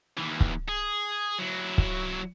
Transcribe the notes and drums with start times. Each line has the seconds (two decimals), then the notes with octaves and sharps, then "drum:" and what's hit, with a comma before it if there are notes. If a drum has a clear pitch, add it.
0.18 D#2 E3
0.41 drum: kick
0.69 G#4
1.39 F#3 E4
1.78 drum: kick